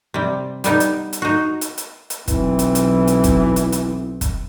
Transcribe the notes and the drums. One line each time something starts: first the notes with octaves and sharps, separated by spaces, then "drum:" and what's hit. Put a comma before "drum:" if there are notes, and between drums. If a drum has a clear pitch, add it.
C3 G3
G3 B3 D#4, drum: hi-hat
drum: hi-hat
drum: hi-hat
D#4 F#4
drum: hi-hat
drum: hi-hat
drum: hi-hat
B1 E3 C4, drum: kick, hi-hat
drum: hi-hat
drum: hi-hat
drum: hi-hat
drum: kick, hi-hat
drum: hi-hat
drum: hi-hat
drum: kick, hi-hat